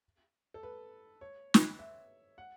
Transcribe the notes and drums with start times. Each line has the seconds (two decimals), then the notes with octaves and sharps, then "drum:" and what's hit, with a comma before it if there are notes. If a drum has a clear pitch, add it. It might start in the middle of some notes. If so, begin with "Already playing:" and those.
0.54 A4
0.63 B4
1.21 C#5
1.54 drum: snare
1.79 E5
2.38 F#5